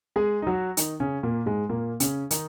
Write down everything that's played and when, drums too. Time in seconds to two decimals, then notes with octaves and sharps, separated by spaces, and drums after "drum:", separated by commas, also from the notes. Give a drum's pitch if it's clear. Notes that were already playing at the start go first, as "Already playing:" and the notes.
0.16 G#3 G#4
0.42 D#4
0.47 F#3 F#4
0.77 D#3 D#4, drum: hi-hat
1.00 C#3 C#4
1.23 A#2 A#3
1.46 G#2 G#3
1.69 A#2 A#3
2.00 C#3 C#4, drum: hi-hat
2.31 D#3 D#4, drum: hi-hat